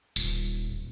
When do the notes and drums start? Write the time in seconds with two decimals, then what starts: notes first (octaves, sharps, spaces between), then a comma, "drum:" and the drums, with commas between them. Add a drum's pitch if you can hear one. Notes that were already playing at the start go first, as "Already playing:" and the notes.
0.16 D#1, drum: tambourine